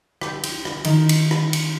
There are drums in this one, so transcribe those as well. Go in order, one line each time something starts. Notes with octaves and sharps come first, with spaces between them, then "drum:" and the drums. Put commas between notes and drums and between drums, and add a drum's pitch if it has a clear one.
G4 G6, drum: rim click
drum: cymbal
drum: rim click
D#3, drum: cymbal
drum: cymbal
drum: rim click
drum: cymbal